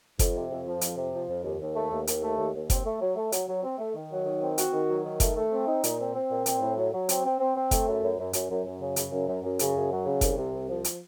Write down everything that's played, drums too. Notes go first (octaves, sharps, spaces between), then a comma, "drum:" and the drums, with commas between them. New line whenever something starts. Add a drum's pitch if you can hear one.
F2, drum: kick F#1, hi-hat
C3
F2
F3
F2, drum: hi-hat
C3
F3
F2
D#2
D#2
A3
D#2
D#2, drum: hi-hat
A3
D#2
D#2
C4, drum: kick F#1, hi-hat
A3
F#3
A3
F#3, drum: hi-hat
F#3
C4
A3
D#3
F#3
D#3
C4
F#4, drum: hi-hat
D#3
F#3
D#3
A3, drum: kick F#1, hi-hat
A3
C4
D#4
A#2, drum: hi-hat
C4
C4
A#2
C4, drum: hi-hat
A2
F#3
F#3
C4, drum: hi-hat
C4
C4
C4
A3, drum: kick F#1, hi-hat
F#2
F#2
F#2
F#2, drum: hi-hat
F#2
F#2
C#3
C#3, drum: hi-hat
F#2
F#2
F#2
C#3, drum: hi-hat
F#2
F#3
C#3
C2, drum: kick F#1, hi-hat
C3
C2
F3
drum: hi-hat